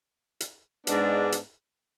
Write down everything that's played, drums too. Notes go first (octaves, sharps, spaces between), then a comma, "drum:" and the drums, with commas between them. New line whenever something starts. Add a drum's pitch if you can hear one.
drum: hi-hat
G#2 G#3 B3 D4, drum: hi-hat
drum: hi-hat